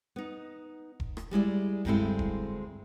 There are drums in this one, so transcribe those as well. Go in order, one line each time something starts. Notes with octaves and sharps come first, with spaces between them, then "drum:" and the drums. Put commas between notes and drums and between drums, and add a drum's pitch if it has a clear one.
B3 D#4
drum: kick E1
drum: rim click
G3 G#3 E4 D5
D2 G2 G#3 C4 E4 A4, drum: kick E1
drum: kick E1